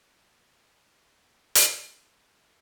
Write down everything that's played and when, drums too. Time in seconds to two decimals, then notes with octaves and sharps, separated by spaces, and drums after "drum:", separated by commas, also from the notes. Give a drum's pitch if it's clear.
0.06 A1 A#3 A#4 D5 F#5
1.55 drum: hi-hat